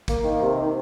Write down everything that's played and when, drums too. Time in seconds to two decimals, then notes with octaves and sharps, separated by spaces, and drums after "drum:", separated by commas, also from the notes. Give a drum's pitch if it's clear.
0.08 A#3, drum: kick, hi-hat
0.24 D#3
0.41 C3
0.58 D#3